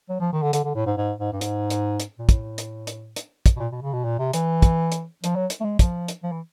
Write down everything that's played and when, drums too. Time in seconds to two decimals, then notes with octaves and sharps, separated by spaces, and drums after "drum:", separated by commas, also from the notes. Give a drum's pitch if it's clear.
0.10 F#3
0.21 F3
0.33 D#3
0.43 D3
0.53 D3, drum: hi-hat
0.65 D3
0.76 A2
0.87 G#2
0.98 G#2
1.19 G#2
1.33 G2
1.41 G#2, drum: hi-hat
1.70 drum: hi-hat
2.00 drum: hi-hat
2.19 A#2
2.29 A2, drum: kick, hi-hat
2.58 drum: hi-hat
2.87 drum: hi-hat
3.16 drum: hi-hat
3.46 drum: kick, hi-hat
3.56 B2
3.60 A#2
3.72 B2
3.82 C#3
3.93 B2
4.04 A#2
4.19 C3
4.33 E3, drum: hi-hat
4.62 drum: kick, hi-hat
4.92 drum: hi-hat
5.24 F3, drum: hi-hat
5.36 F#3
5.50 drum: hi-hat
5.61 A3
5.64 G#3
5.79 F3, drum: kick, hi-hat
6.08 drum: hi-hat
6.23 F3
6.32 E3